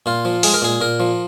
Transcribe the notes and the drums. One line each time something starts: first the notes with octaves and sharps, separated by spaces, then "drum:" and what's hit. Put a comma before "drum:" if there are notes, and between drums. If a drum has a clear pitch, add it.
A#2 F4
F3
G#3 G#4, drum: open hi-hat
A#4
A#2 G#4
A#2 A#4
F3